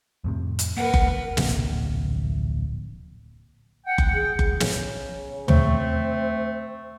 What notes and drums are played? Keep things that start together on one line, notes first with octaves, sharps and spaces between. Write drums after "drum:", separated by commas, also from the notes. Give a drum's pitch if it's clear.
F2 A2 C3
drum: hi-hat
A#3 A#4 B4 F#5
drum: kick F#1
D1 A#1 C3 A#3, drum: snare
F#5 G5
drum: kick F#1
G#4
drum: kick F#1
C#3, drum: snare
A3 C4, drum: tom